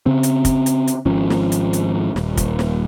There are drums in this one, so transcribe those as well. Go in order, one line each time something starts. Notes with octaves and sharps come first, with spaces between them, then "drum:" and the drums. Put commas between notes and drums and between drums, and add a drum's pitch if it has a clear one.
C#3 C4
drum: hi-hat
drum: kick, hi-hat
drum: hi-hat
drum: hi-hat
G#1 F3 C#4
drum: snare
drum: hi-hat
drum: hi-hat
D#1, drum: snare
drum: kick, hi-hat
drum: snare